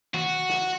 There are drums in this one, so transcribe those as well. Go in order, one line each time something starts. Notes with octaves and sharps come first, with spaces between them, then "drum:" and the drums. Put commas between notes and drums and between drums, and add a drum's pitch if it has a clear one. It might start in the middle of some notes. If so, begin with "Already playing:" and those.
F#4, drum: tom D#3
drum: snare